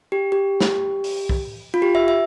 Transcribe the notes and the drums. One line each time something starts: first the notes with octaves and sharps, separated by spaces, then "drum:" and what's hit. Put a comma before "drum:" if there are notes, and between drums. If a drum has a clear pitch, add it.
G4
G4
drum: snare
drum: open hi-hat
drum: kick
F4
G4
E5
E5